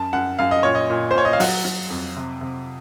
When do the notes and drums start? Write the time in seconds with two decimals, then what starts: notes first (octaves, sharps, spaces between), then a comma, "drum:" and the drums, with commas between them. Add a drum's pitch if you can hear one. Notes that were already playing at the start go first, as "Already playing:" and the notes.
Already playing: F#2 A5
0.13 F#2 F#5
0.39 F#2 F5
0.51 D#5
0.63 A#2 C#5
0.75 D#5
0.90 A#2
1.11 C5
1.15 A#2 C#5
1.25 D#5
1.33 F5
1.40 F#3 F#5, drum: open hi-hat
1.65 F#3
1.90 F2
2.17 C3
2.41 C3